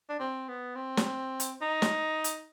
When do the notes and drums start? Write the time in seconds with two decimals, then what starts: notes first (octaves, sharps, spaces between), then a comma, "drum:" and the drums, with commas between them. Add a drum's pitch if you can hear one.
0.09 D4
0.19 C4
0.48 B3
0.76 C4
0.97 drum: snare
1.40 drum: hi-hat
1.61 D#4
1.82 drum: snare
2.24 drum: hi-hat